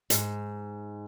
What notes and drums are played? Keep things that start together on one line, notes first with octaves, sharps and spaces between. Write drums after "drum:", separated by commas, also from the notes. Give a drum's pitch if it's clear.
G#2, drum: hi-hat